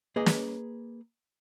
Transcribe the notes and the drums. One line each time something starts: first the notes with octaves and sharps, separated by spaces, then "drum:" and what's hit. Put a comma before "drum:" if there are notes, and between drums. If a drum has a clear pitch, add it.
A#3 G#4 B4 D#5
drum: snare